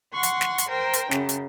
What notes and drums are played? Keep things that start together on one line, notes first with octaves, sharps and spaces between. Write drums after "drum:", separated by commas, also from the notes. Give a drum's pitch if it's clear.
F#5 C6 C#6
drum: hi-hat
drum: snare
drum: hi-hat
A#4 C5 G5
drum: hi-hat
F#2 C#3, drum: snare
drum: hi-hat